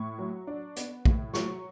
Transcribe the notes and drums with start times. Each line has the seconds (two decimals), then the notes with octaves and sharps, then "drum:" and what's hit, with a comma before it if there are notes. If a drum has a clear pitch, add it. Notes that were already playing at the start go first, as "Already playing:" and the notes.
Already playing: A2 C#6
0.19 F#3
0.47 D4
0.76 B3, drum: hi-hat
1.05 A2, drum: kick
1.34 F#3 C#6, drum: snare